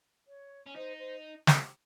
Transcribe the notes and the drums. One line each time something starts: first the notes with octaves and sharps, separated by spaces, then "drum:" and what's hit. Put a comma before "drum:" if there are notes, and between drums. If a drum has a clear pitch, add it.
C#5
C#4
D#4 C5
C5
drum: snare